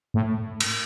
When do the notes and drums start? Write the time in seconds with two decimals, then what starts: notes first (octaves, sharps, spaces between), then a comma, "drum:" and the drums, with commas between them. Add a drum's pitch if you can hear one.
0.14 A2
0.60 drum: cymbal